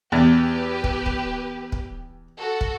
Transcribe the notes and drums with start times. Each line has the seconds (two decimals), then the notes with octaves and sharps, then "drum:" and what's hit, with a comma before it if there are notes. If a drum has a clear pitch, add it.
0.12 E2 G4 B4
0.84 drum: kick
1.06 drum: kick
1.72 drum: kick
2.39 F#4 A4
2.61 drum: kick